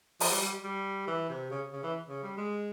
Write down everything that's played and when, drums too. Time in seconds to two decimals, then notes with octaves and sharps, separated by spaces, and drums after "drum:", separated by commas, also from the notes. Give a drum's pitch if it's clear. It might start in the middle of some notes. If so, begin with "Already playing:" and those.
0.20 F3, drum: open hi-hat
0.31 G3
0.42 G3
0.64 G3
1.07 E3
1.29 C3
1.51 C#3
1.72 C#3
1.83 E3
2.09 C#3
2.23 G3
2.38 G#3